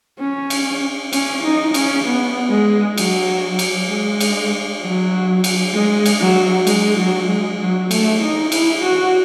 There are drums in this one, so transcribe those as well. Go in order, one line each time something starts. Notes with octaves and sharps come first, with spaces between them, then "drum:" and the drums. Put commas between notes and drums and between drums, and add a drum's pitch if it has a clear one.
C#4
drum: cymbal
C#4, drum: cymbal
D#4
C#4, drum: cymbal
B3
G#3
F#3, drum: cymbal
drum: cymbal
G#3
drum: cymbal
F#3
drum: cymbal
G#3
drum: cymbal
F#3
G#3, drum: cymbal
F#3
G#3
F#3
A3, drum: cymbal
D#4
E4, drum: cymbal
F#4